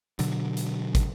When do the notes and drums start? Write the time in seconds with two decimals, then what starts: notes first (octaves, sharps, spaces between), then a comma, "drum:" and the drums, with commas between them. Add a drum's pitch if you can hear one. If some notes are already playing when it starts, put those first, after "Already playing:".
0.19 B2 D3 F#3, drum: hi-hat
0.57 drum: hi-hat
0.95 drum: kick, hi-hat